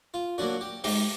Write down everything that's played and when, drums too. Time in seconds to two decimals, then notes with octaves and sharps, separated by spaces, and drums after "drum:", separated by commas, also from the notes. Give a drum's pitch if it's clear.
0.14 F4
0.38 D3 F#3 A#3 F#4
0.61 G4
0.84 G#2 G4, drum: open hi-hat